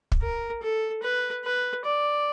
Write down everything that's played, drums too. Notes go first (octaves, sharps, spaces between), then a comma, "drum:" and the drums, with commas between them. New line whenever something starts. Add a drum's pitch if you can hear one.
drum: kick
A#4
A4
B4
B4
D5